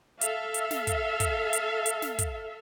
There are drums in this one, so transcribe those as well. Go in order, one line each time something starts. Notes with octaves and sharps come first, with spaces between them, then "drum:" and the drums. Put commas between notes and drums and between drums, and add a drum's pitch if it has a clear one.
A4 E5 F5, drum: hi-hat
drum: hi-hat
drum: snare
drum: kick, hi-hat
drum: kick, hi-hat
drum: hi-hat
drum: hi-hat
drum: snare
drum: kick, hi-hat